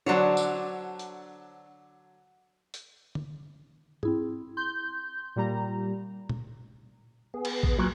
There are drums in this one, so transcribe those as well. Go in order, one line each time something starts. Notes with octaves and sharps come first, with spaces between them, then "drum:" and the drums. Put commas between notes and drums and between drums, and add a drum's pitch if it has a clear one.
D3 F#3 D4 C5 C#5
drum: tambourine
drum: hi-hat
drum: hi-hat
drum: tom
C4 E4 G#4, drum: tom G#2
C6 G6
A#2 G3 A#5
drum: tom A#2
B3 G#4
drum: cymbal
drum: kick A1
A#2 F#3